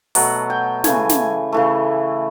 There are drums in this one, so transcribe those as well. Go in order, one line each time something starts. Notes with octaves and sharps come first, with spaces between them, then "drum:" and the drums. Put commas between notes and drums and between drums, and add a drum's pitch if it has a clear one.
B2 F#3 A3 F#5, drum: open hi-hat
G5
C#3 E3 A3 G#5, drum: snare
drum: snare
C#3 E3 A3